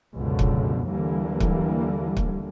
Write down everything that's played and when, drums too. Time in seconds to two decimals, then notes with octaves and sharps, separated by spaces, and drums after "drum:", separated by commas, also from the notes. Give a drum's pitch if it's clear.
0.15 C#2 F#2 B2 D3 F3
0.39 drum: kick
0.90 D#2 D3 E3 G3 A#3
1.40 drum: kick
2.17 drum: kick